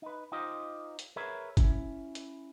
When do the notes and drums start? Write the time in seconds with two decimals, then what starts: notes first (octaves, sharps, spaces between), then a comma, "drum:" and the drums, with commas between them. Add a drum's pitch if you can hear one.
0.02 D#4 B4
0.32 D#4 F4 G4 C5 D#5
0.99 drum: hi-hat
1.16 G#4 A#4 B4 C#5 E5
1.57 C#4 E4, drum: kick, hi-hat
2.15 drum: hi-hat